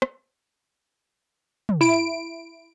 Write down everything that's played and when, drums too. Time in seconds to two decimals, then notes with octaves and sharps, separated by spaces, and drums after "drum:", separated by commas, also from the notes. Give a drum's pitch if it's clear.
0.02 drum: rim click
1.69 drum: tom
1.81 E4 D7